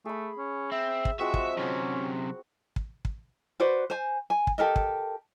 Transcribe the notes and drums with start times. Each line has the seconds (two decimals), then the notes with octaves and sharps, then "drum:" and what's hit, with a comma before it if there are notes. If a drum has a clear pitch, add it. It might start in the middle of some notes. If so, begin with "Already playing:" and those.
0.05 A3 G#4 B5
0.38 C#4
0.72 C4 E5
1.05 drum: kick
1.19 F3 G#3 C4 F#4 E5
1.34 drum: kick
1.57 F#2 C3 C#4 F#4 A#5
2.76 drum: kick
3.05 drum: kick
3.60 F#4 B4 C5 D5
3.90 C5 G#5
4.30 G#5
4.47 drum: kick
4.58 G4 A4 A#4 D#5
4.76 drum: kick